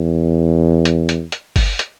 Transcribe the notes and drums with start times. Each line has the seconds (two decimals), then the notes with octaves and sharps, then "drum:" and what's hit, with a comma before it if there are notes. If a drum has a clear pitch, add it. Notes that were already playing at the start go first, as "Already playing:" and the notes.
Already playing: E2
0.85 drum: hi-hat
1.09 drum: hi-hat
1.32 drum: hi-hat
1.56 drum: kick G1, open hi-hat
1.79 drum: hi-hat